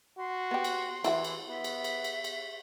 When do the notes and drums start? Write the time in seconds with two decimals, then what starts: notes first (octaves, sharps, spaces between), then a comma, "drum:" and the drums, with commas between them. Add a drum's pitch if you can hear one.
0.19 F#4 C6
0.51 B3 G4
0.64 drum: cymbal
1.04 E3 E4 F#4 F#5, drum: cymbal
1.24 drum: cymbal
1.49 B3 E5
1.64 drum: cymbal
1.84 drum: cymbal
2.04 drum: cymbal
2.24 drum: cymbal